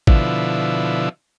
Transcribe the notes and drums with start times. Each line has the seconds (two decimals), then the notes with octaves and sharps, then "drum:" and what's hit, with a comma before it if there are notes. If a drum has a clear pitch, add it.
0.07 B2 D3 F3 E4, drum: kick